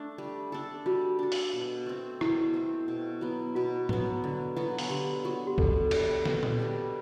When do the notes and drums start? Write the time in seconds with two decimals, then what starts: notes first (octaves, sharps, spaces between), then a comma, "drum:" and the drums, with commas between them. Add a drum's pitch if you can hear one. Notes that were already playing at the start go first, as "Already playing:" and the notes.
Already playing: A3 D4
0.18 G3
0.52 D4 A4
0.86 G3 F#4
1.19 D4 A4
1.32 drum: open hi-hat
1.54 B2
1.86 A3 C4
2.21 B2 E4, drum: rim click
2.54 A3 C4
2.88 B2
3.21 F#3 B3
3.55 B2 F#4
3.89 F#3 B3, drum: tom G#2
4.24 D3
4.56 F#3 B3 F#4
4.79 drum: open hi-hat
4.90 D3 G4
5.24 F#3 B3 F#4
5.47 G4
5.58 B2 A4, drum: kick C2
5.91 G3 D4 G4, drum: cymbal
6.25 B2, drum: snare
6.43 drum: tom A#2
6.59 G3 D4 G4